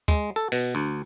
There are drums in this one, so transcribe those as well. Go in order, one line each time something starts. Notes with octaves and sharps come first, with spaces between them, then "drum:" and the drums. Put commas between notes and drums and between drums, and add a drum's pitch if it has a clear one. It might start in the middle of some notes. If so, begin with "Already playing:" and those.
G#3, drum: kick
A4
B2, drum: open hi-hat
D2